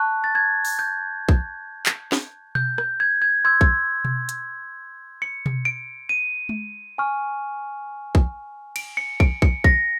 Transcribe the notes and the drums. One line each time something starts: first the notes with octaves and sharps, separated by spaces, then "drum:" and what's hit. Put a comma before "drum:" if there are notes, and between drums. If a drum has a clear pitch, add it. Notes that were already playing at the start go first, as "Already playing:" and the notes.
Already playing: A5 C#6 F#6
A6
G#6
drum: open hi-hat
G6
drum: kick
drum: clap
drum: snare
G6, drum: tom B2
G6, drum: rim click
G#6
G#6
C6 E6 G6 G#6
drum: kick
drum: tom B2
drum: hi-hat
C#7
drum: tom B2
D7
D#7
drum: tom G#3
G#5 C#6 F6
drum: kick
D7, drum: cymbal
C#7
D7, drum: kick
C#7, drum: kick
A#6, drum: kick